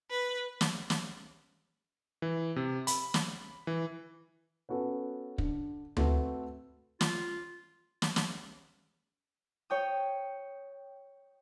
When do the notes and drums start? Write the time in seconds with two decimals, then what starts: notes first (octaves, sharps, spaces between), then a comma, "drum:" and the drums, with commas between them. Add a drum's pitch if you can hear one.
0.11 B4
0.61 drum: snare
0.90 drum: snare
2.22 E3
2.56 C3
2.87 B5, drum: hi-hat
3.14 drum: snare
3.67 E3
4.69 B3 C#4 F#4 A4 B4
5.38 D3, drum: kick
5.97 A3 C4 F#4 A4 B4, drum: tom D2
7.01 F4, drum: snare
8.02 drum: snare
8.16 drum: snare
9.70 C#5 G5 D#6